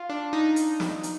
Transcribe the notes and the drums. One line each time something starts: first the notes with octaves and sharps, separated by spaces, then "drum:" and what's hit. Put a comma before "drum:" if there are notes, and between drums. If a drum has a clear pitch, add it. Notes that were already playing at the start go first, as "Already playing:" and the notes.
Already playing: F4
D4
D#4
drum: hi-hat
drum: snare
drum: hi-hat